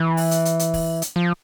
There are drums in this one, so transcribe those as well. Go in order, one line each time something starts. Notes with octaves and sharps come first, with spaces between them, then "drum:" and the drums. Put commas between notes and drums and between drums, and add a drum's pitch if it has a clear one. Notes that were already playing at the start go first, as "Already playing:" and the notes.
Already playing: E3
drum: open hi-hat
drum: hi-hat
drum: hi-hat
drum: hi-hat
drum: kick, open hi-hat
drum: hi-hat
F3